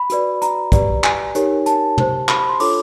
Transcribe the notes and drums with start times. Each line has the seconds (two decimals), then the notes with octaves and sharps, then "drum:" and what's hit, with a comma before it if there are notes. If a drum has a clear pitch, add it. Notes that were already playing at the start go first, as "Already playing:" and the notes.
Already playing: B5
0.10 F#4 B4 D5, drum: hi-hat
0.42 A#5, drum: hi-hat
0.72 G4 B4 D5, drum: kick, hi-hat
1.04 G#5, drum: clap
1.35 D#4 G4 A#4 C#5, drum: hi-hat
1.66 A5, drum: hi-hat
1.98 G4 C5, drum: tom
2.29 B5, drum: clap
2.39 B5
2.49 C6
2.60 D4 F4 A4 C#5 D6, drum: open hi-hat